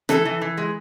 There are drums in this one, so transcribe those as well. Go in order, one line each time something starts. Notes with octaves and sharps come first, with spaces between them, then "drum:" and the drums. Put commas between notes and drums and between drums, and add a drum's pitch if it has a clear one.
E3 A4, drum: rim click
E3
E3
G#3